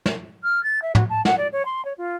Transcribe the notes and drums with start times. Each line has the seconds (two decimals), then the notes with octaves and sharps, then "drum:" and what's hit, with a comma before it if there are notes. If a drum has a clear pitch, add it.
0.06 drum: snare
0.43 F6
0.63 A6
0.82 E5
0.95 F#4, drum: tom
1.09 A5
1.25 F#5, drum: snare
1.38 D5
1.52 C#5
1.65 C6
1.85 C#5
1.98 F4